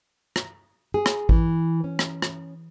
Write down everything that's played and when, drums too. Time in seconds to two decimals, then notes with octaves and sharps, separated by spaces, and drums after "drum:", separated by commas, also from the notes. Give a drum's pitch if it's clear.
0.36 drum: rim click
0.94 G#4
1.06 drum: rim click
1.29 E3, drum: kick A1
1.84 C#4
1.99 drum: rim click
2.22 drum: rim click